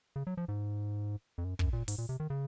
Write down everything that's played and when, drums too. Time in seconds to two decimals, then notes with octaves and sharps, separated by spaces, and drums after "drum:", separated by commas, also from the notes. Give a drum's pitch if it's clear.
0.16 C#3
0.27 F#3
0.37 F3
0.48 G#2
1.38 F2
1.44 F#2
1.59 F#2, drum: kick
1.73 A#2
1.88 G#2, drum: open hi-hat
1.98 A#2
2.09 C3
2.20 D#3
2.30 C#3